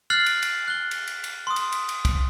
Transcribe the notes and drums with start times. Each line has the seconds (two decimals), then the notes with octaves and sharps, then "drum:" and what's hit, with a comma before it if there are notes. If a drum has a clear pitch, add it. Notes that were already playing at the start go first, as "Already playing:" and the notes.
0.10 F6 F#6 A6 C7 F#7
0.26 drum: cymbal
0.43 drum: cymbal
0.68 F#6 G7
0.91 drum: cymbal
1.07 drum: cymbal
1.24 drum: cymbal
1.47 C6 D#6
1.56 drum: cymbal
1.72 drum: cymbal
1.89 drum: cymbal
2.05 drum: kick, cymbal